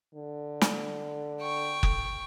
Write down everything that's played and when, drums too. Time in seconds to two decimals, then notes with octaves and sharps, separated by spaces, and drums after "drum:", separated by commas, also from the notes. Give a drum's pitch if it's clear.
0.15 D3
0.61 drum: snare
1.41 G5 C#6
1.83 drum: kick F#1